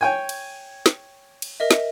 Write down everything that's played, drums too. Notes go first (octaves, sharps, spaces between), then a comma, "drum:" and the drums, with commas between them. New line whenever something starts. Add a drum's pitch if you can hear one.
C#5 G5 G#5
drum: cymbal
drum: snare
drum: cymbal
A#4 D#5 E5
drum: snare